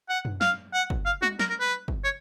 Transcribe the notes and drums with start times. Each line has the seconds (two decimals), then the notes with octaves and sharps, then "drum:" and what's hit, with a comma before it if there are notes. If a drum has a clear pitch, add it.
0.09 F#5
0.25 drum: tom F#2
0.41 F5, drum: snare
0.73 F#5
0.90 drum: kick
1.06 F5
1.22 F#4, drum: tom G3
1.39 A#4, drum: snare
1.49 A#4
1.60 B4
1.88 drum: kick
2.04 C#5